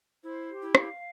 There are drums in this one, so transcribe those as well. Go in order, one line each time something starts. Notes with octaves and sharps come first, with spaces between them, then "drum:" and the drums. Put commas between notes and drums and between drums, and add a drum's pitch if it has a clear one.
E4 C5
G4
E4
F5, drum: rim click